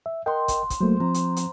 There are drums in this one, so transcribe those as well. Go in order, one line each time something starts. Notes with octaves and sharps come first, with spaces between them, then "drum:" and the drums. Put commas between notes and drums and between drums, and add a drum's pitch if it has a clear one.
E5
A#4 D#5 F#5 G5 C6
drum: kick, hi-hat
drum: kick, hi-hat
F#3 A3 A#3 C5
F3 C4 A#5
drum: hi-hat
drum: hi-hat